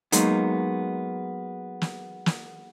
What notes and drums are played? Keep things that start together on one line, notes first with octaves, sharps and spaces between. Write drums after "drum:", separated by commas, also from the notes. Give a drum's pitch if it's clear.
F#3 G#3 A#3 B3 D#4, drum: hi-hat
drum: snare
drum: snare